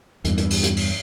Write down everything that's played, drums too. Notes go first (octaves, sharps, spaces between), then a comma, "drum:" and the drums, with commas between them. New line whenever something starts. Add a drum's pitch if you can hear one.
E2 G2, drum: hi-hat
drum: hi-hat
drum: open hi-hat
drum: hi-hat
drum: open hi-hat